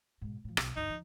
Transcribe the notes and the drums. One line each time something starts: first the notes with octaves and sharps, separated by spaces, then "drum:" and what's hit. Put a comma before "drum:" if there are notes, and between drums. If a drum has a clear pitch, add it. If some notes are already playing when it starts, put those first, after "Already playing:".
G#2 B2
A2 F3
B1, drum: rim click
G1 D2 D#4
F3